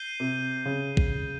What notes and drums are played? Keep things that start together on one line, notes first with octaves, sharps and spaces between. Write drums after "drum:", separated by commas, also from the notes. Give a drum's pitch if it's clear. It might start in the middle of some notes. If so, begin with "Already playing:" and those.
Already playing: G6 C7 D#7 G7
C3
C#3
drum: kick A1